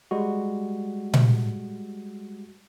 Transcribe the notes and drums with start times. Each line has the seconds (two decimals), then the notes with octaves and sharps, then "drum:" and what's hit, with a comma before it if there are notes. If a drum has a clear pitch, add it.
0.11 G3 G#3 F#4
1.14 drum: tom A#2